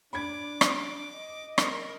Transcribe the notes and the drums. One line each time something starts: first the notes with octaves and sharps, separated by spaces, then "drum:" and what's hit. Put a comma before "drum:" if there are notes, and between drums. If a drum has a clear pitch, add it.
D4 B5 D6 G#6
drum: rim click
D#5
A#4, drum: rim click